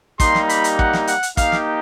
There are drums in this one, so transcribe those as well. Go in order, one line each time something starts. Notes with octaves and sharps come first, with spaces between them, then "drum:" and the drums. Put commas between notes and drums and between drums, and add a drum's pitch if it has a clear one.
G3 A#3 D#4 G4 C6, drum: kick, hi-hat
drum: snare
B5, drum: hi-hat
drum: hi-hat
F#5, drum: kick
drum: snare
F#5, drum: hi-hat
drum: hi-hat
A#3 D#4 G4 F5, drum: kick, hi-hat
drum: snare